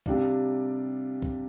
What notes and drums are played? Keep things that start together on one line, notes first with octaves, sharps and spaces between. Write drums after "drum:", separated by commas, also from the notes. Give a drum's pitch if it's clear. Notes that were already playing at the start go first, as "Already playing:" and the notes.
C3 G3 D4 F4, drum: kick
drum: kick